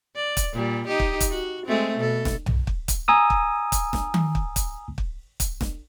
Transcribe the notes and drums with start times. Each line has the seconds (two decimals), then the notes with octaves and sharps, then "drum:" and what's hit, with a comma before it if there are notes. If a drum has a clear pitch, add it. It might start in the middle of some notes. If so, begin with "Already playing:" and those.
0.16 D5
0.37 drum: kick, hi-hat
0.53 A#2 G3
0.87 D#4 G4 D#5
1.00 drum: kick
1.20 drum: kick, hi-hat
1.30 F#4
1.66 G#3 A3 C4
1.97 B2 A4
2.25 drum: snare E1
2.46 drum: tom B1
2.67 drum: kick
2.88 drum: kick, hi-hat
3.08 G#5 A#5 D#6 E6
3.30 drum: kick
3.72 drum: kick, hi-hat
3.93 drum: snare E1
4.14 drum: tom D#3
4.35 drum: kick
4.56 drum: kick, hi-hat
4.98 drum: kick
5.40 drum: kick, hi-hat
5.61 drum: snare E1